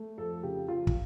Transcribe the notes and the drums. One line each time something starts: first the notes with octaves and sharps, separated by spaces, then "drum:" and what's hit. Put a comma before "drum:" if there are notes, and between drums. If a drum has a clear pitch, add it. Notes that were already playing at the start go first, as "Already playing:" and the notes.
Already playing: A3
F2 A4
C#3 G4
F3 F4
drum: kick